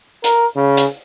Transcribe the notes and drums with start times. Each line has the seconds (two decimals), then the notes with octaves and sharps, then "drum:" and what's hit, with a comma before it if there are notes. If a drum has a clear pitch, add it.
0.24 A#4, drum: hi-hat
0.56 C#3
0.77 drum: hi-hat